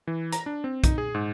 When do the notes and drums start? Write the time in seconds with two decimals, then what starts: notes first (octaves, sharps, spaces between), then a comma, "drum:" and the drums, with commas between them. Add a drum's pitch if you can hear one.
0.07 E3
0.32 A#5, drum: hi-hat
0.46 D4
0.64 C4
0.84 D#4, drum: kick, hi-hat
0.98 G#4
1.15 G#2